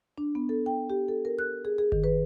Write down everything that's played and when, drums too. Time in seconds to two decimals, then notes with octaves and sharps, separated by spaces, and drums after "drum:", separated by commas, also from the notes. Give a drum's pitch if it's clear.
0.18 D4
0.35 B3
0.49 A4
0.66 G5
0.90 G4
1.08 A4
1.25 A#4
1.39 F#6
1.65 G#4
1.78 G#4
1.92 D#3, drum: kick G1
2.04 B4